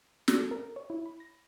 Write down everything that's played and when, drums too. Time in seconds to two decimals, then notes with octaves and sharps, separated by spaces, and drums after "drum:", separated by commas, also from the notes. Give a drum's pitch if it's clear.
0.28 drum: snare
0.38 A4
0.51 A#4
0.76 C#5
0.90 E4
1.06 B5
1.20 A#6